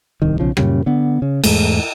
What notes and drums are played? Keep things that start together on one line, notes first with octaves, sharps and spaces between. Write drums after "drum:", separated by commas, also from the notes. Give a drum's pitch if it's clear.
D1 C2 D#3
B1 C#3 F3
F#2 A#2 C#3 G3, drum: rim click
D3 B3
C#3
E2 G#2 G#3 A3, drum: cymbal